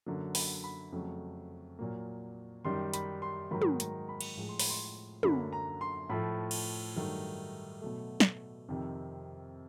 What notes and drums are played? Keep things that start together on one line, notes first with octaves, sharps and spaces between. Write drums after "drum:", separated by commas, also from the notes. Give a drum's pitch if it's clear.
F#2 D3 F#3 A#3
B5, drum: open hi-hat
B5
F2 C#3 F#3 A3
A#2 F#3 A#3
F#2 D#3 G3 C6
B5, drum: hi-hat
C6
G#2 D#3 F#3 A#3 B5
drum: tom
A#5, drum: hi-hat
B5
drum: cymbal
A2 F3 G#3
C6
B5, drum: open hi-hat
C6
F#2 D3 F#3 A#3 B5, drum: tom
A#5
C6
A2 F3 A3 B5
drum: cymbal
G2 D#3 F#3 A3
B2 F#3 A3
drum: snare
F2 C3 D#3